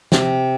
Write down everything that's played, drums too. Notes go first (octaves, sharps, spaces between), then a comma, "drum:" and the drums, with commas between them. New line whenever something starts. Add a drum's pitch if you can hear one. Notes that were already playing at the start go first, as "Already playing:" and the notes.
C3, drum: snare